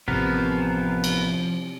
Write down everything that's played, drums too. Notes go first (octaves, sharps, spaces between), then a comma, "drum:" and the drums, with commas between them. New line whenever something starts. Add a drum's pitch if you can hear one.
A1 C3 F3 B3 A#4
drum: cymbal